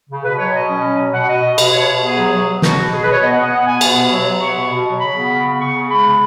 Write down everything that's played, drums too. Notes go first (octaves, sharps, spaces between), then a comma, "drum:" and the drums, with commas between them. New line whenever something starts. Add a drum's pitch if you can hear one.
C#3
B2 B4
F#3 C#5
B2 D#5
C#4
F#3
B2
B2 F#5
B2 D#5
B2
B2, drum: cymbal
B2 C#5
B2
B3 G#4
F#3
F#3
F#3
B2 F#4, drum: snare
B2
B2 G#4
B4
B2 C#5
B3 D#5
F#5
B3 D#5
B3 F#5
B2 G#5
B3, drum: cymbal
B2
F#3
F#3
B3 C#6
B2
B2
F#3
C#3 B5
B3
C#3
B3
C#3 C#6
C#3
G#3 B5
C#3